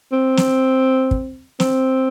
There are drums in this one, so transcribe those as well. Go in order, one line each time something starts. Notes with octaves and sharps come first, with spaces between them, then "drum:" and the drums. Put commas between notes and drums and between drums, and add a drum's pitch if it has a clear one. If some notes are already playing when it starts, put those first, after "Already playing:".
C4
drum: snare
drum: kick
C4, drum: snare